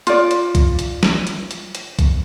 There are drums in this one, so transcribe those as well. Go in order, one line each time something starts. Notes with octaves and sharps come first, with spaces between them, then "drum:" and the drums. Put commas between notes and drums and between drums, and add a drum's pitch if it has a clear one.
F4 D5, drum: hi-hat
drum: hi-hat
drum: kick, hi-hat
drum: hi-hat
drum: snare
drum: hi-hat
drum: hi-hat
drum: hi-hat
drum: kick, hi-hat